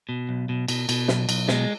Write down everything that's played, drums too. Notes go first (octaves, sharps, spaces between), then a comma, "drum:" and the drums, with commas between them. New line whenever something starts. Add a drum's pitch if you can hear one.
B2
B1
B2
B2, drum: cymbal
B2, drum: cymbal
B1, drum: snare
B1, drum: cymbal
B2 G#3, drum: snare